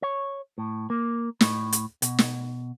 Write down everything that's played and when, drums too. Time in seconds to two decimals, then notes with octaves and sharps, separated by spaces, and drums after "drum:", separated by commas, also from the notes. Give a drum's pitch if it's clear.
0.02 C#5
0.58 A2
0.90 A#3
1.41 A2, drum: snare
1.72 drum: hi-hat
2.02 B2, drum: hi-hat
2.19 drum: snare